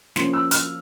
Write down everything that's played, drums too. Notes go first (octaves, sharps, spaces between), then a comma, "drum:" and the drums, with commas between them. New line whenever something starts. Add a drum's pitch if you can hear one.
F3 A#3 C#4 C6, drum: snare
E6
F6, drum: hi-hat